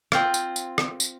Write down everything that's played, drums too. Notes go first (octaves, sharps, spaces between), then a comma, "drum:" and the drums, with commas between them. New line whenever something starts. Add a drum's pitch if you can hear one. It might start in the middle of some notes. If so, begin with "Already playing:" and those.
C4 F4, drum: rim click
drum: tambourine
drum: tambourine
drum: rim click
drum: tambourine